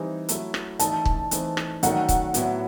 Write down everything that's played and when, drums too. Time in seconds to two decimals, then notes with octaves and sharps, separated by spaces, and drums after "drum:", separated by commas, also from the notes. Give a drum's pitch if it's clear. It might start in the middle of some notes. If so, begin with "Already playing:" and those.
Already playing: E3 G3 C4 D#4
0.29 F#3 A3 E4, drum: hi-hat
0.54 drum: rim click
0.79 E3 A3 D#4 A5, drum: hi-hat
1.05 drum: kick
1.31 E3 A3 C4 D#4, drum: hi-hat
1.57 drum: rim click
1.83 D#3 F#3 A3 D#4 F#5, drum: hi-hat
2.09 drum: kick, hi-hat
2.34 A2 F#3 B3 E4, drum: hi-hat